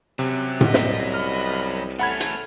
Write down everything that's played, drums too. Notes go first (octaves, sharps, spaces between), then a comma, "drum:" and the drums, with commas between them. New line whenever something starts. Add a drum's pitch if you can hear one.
F#2 C3 F#3
C2 D#5 B6, drum: tom A2
drum: snare
D#5 B5 F6
A3 C#4 A4 F#5 B5 F6 G#6
drum: hi-hat